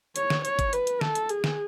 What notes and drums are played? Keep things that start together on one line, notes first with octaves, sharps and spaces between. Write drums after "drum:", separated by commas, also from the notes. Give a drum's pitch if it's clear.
C#5, drum: hi-hat
drum: snare
C#5, drum: hi-hat
drum: kick G#1, hi-hat
B4, drum: hi-hat
drum: hi-hat
A4, drum: snare
drum: hi-hat
G#4, drum: hi-hat
drum: snare